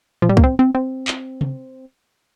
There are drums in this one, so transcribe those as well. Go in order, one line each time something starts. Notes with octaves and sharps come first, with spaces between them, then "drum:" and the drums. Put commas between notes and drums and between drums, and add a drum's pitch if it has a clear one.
F3, drum: tom A2
G3
A#3, drum: kick C2
C4
C4
C4
drum: clap
drum: tom C3